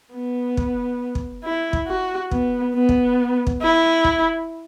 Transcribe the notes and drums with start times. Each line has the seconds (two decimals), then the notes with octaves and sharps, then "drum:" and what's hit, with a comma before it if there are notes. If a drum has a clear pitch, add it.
0.14 B3
0.57 drum: kick
1.15 drum: kick
1.44 E4
1.73 drum: kick
1.87 F#4
2.31 B3, drum: kick
2.75 B3
2.89 drum: kick
3.47 drum: kick
3.61 E4
4.04 drum: kick